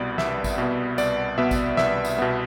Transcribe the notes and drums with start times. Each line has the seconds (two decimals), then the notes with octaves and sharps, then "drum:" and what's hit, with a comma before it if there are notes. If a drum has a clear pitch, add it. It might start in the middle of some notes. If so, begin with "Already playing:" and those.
Already playing: C2 B2 B3 D5
0.18 C2 E5, drum: snare
0.44 drum: kick G#1, tambourine
0.58 B2 B3
0.98 C2 D5, drum: tambourine
1.38 B2 B3 E5
1.51 drum: kick G#1, tambourine
1.77 C2 E5, drum: snare
2.05 drum: tambourine
2.19 B2 B3